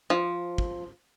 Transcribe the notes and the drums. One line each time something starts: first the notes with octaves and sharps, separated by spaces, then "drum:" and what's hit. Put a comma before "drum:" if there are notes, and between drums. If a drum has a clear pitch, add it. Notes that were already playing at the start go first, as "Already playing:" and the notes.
F3
drum: kick